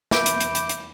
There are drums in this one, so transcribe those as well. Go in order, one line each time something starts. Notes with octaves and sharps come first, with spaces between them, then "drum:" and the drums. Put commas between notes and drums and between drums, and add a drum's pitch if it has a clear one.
E5 B5 D6 G6 D7, drum: snare
drum: hi-hat
drum: hi-hat
drum: hi-hat
drum: hi-hat